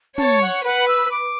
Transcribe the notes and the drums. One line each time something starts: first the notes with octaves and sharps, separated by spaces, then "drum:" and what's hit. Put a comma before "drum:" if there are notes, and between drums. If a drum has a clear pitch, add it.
C#5 A5, drum: tom
F#5
B4 F#5
E6
D6